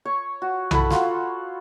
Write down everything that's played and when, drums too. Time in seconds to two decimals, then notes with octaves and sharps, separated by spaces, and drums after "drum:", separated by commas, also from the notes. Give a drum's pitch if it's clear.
0.05 C#5 C#6
0.42 F#4
0.71 E4 A4 B5, drum: tom B1
0.90 F4 F#4, drum: snare